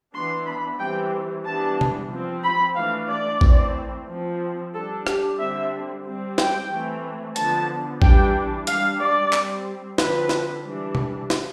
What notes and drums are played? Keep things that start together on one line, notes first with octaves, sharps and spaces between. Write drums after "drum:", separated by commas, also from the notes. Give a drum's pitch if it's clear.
E3 B3 D4 C6
B5
E3 G3 C4 G5
E3 G3 B3 D4 A5
drum: tom C3
F3 C4
B5
E3 A3 D4 F5
D5
E3 A3 C4, drum: kick A1
F3 C4
G3 D4 A4
G4, drum: rim click
D3 G3 C4 E5
G3 C4
G5, drum: snare
E3 A3 C4
D3 F3 B3 A5, drum: hi-hat
E3 G3 D4 G5, drum: kick A1
G3 D4 F5, drum: hi-hat
D5
G3 C4, drum: clap
D3 F3 C4 B4, drum: snare
drum: snare
E3 G3 D4
drum: tom C3
drum: snare